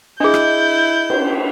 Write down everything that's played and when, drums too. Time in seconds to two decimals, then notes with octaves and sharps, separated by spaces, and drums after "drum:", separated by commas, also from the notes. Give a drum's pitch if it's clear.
0.20 D4 E4 G#4 D#5 G6
0.34 drum: rim click
1.10 drum: cymbal